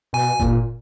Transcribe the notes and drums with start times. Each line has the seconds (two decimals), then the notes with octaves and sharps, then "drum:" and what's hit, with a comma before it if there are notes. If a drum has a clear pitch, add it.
0.13 B2 G#5
0.40 A#2, drum: kick G1